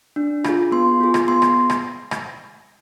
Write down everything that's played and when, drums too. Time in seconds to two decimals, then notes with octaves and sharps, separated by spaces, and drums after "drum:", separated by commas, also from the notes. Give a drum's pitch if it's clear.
0.16 D4
0.44 F4 G#4, drum: rim click
0.72 B3 C6
1.00 F4 G#4
1.14 drum: rim click
1.28 B3 C6
1.42 drum: rim click
1.70 drum: rim click
2.11 drum: rim click